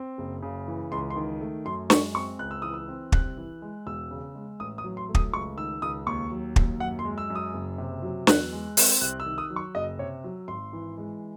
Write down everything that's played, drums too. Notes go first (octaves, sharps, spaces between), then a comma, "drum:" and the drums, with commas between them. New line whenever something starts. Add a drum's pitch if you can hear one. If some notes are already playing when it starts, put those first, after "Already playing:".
Already playing: C4
F#1
C#3
E3
C#2 C6
C6
D#3
A3
F#2 C6
G#3 C#6, drum: snare
C4 C#6
C#2 F#6
E6
E3 D#6
E6
C4
C2 F#6, drum: kick
E3
G#3
E1 E6
C#3
G#3
A1 D#6
D#6
F#3
C6
A3
D#6, drum: kick
C#2 C#6
D#3 E6
C#2 D#6
D#2 C#6
F#3
D#2, drum: kick
F#2 F#5
C6
G#3
E6
F#2
D#6
F#1
C3
F#3
E2 F#6, drum: snare
G#3
C4, drum: open hi-hat
C2 F#6
E6
D#3
D#6
F#3
C#6
F#1 D#5
C3 C#5
F#3
G#1 C6
E3
G#3